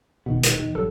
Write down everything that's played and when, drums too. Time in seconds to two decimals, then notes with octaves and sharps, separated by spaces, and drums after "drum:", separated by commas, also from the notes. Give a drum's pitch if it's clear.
0.26 F1 B2 D#3 B3
0.43 D#1 D#3 G#3, drum: hi-hat
0.59 E2 D#3
0.75 G#1 F#3 G3 A4